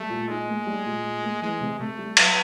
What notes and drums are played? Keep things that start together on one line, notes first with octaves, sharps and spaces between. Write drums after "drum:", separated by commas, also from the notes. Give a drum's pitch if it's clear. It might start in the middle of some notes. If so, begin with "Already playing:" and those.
Already playing: G3 A3
A#2
G#3 D#4
A#3
G3
A#2
A#2
A#3
E3 G#3
C3
C3 A3
G3
F#3, drum: cymbal